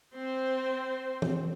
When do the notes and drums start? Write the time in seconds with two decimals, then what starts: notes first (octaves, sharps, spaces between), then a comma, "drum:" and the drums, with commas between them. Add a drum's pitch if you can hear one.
0.15 C4 C5
1.22 drum: tom E3